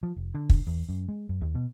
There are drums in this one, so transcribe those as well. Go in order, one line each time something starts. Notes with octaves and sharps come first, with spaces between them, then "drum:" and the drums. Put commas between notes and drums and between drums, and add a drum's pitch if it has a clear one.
F3
F1
D3
drum: kick
E2
F#2
G#3
F#2
D#2
B2